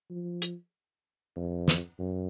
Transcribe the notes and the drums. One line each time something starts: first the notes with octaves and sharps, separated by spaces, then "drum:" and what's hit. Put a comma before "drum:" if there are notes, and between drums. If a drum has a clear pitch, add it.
F3
drum: hi-hat
F2
drum: snare
F#2